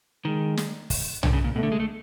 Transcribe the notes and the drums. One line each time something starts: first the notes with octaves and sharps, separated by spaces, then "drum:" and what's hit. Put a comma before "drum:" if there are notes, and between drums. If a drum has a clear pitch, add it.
D#3 G#3
drum: snare
drum: kick, open hi-hat
D3, drum: tom B1
C#3
A#2
B2 A3
D3
G#3
A3